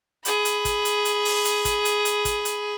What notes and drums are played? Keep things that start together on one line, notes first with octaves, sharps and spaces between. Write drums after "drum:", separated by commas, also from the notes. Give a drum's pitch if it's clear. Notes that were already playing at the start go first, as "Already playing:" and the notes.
G#4 B5, drum: hi-hat
drum: hi-hat
drum: kick, hi-hat
drum: hi-hat
drum: hi-hat
drum: open hi-hat
drum: hi-hat
drum: kick, hi-hat
drum: hi-hat
drum: hi-hat
drum: kick, hi-hat
drum: hi-hat